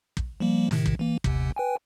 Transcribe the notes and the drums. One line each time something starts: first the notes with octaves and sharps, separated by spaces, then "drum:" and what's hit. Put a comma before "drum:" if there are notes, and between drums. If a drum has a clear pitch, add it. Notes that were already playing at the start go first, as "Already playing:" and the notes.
drum: kick
F3 G3 A#3
A2 C3 D#3, drum: snare
drum: kick
E3 A#3
G1 D#2 C3, drum: kick
B4 G5 G#5